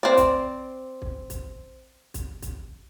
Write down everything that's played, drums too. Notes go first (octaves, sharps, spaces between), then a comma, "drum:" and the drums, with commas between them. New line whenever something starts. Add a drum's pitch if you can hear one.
C4 D5
drum: kick, hi-hat
drum: kick
drum: kick, hi-hat
drum: kick, hi-hat
drum: kick, hi-hat